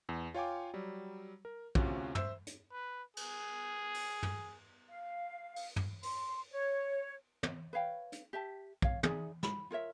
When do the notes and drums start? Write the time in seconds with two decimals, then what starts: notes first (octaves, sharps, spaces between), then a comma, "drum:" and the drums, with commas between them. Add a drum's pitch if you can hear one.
0.09 E2
0.34 F4 C#5 F5 G5 G#5 D6
0.74 F#3 G3
1.45 A#4
1.75 D2 C3 C#4 F4 F#4 F5, drum: kick
2.15 C5 E5 E6, drum: tom
2.47 drum: hi-hat
2.72 B4
3.17 G#4, drum: cymbal
3.94 drum: open hi-hat
4.23 drum: tom
4.90 F5
5.56 drum: open hi-hat
5.76 drum: tom
6.03 C6, drum: open hi-hat
6.51 C#5
7.43 drum: tom
7.73 B4 C#5 F5 G5
8.12 drum: hi-hat
8.33 G4 E5 A5
8.82 C#5 F5, drum: kick
9.03 D#4 G#4 D5 E5, drum: tom
9.43 B5, drum: snare
9.71 F4 A#4 C#5 E5